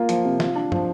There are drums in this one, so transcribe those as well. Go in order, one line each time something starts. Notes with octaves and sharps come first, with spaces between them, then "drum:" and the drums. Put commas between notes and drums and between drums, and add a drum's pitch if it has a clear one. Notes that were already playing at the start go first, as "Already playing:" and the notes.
Already playing: A#3 F4
F3, drum: hi-hat
C3
F4, drum: snare
D4
F3, drum: tom